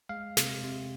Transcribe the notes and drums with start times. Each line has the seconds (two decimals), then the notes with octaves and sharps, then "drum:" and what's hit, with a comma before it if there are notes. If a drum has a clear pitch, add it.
0.09 G#3 F5
0.37 C3, drum: snare
0.64 C3